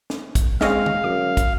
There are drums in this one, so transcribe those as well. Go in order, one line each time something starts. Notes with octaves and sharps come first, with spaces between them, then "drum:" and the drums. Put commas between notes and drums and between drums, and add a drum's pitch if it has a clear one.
drum: snare
drum: kick, hi-hat
G#3 C4 C#4 D#5 F5, drum: snare
drum: tom
F#2 D6
drum: kick, hi-hat